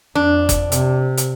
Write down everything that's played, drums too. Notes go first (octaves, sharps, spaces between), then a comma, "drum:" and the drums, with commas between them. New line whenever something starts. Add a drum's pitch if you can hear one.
F2 D4
drum: kick F#1, hi-hat
C3, drum: hi-hat
drum: hi-hat